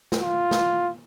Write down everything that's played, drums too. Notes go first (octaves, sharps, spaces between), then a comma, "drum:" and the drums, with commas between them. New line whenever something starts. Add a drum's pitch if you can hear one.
drum: snare
F4
drum: snare